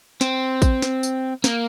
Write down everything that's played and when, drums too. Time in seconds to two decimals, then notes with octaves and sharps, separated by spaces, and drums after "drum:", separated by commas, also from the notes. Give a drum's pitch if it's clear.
0.21 C4, drum: snare
0.62 drum: kick A1, tambourine
0.82 drum: snare
1.03 drum: tambourine
1.44 A#3, drum: snare